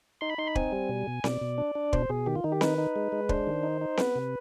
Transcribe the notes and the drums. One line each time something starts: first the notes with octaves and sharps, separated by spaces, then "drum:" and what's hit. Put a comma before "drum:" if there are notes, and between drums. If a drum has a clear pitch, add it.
D#4 C6
B5
D#4 C6
B5
C4 G#5, drum: kick
G3
B2
B2
B2 D5, drum: snare C4
B2
D4
D4
B2 C5, drum: kick
B2 G#4
D#3 G4
F4
D#3 D#4
G4
D#4 B4, drum: snare C4
D#4
G#3
G#3
D4 C5, drum: kick
D#3
D#4
D#4
B3 B4, drum: snare C4
C3